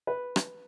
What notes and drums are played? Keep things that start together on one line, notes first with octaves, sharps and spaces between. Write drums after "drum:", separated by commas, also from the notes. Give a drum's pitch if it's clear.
B4
drum: rim click